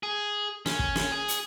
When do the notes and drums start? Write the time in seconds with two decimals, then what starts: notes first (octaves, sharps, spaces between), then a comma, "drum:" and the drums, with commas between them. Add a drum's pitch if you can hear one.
0.03 G#4
0.66 C#4, drum: snare
0.79 drum: kick
0.96 drum: snare
1.12 G#4
1.28 drum: hi-hat